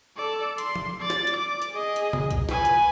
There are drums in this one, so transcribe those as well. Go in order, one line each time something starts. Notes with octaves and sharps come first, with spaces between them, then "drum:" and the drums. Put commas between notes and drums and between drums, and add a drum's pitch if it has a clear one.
A4 D5
C6, drum: hi-hat
drum: tom
D5 A6
drum: snare
drum: hi-hat
D6
drum: hi-hat
G#4 D#5
drum: hi-hat
drum: tom
drum: kick B1, hi-hat
B4 G#5, drum: snare
drum: hi-hat